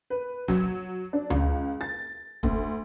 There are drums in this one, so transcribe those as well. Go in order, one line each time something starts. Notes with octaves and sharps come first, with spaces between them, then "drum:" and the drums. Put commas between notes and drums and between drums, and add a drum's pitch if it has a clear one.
B4
F#3, drum: snare
D4
C#2, drum: tom D2
A6
D2, drum: kick